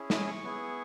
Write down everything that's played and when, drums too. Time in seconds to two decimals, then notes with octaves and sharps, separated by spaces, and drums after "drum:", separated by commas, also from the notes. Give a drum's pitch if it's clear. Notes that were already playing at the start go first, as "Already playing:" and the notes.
Already playing: C#4 E4 G#4
0.10 D#6, drum: snare
0.27 C#6
0.44 B3 E4 G#4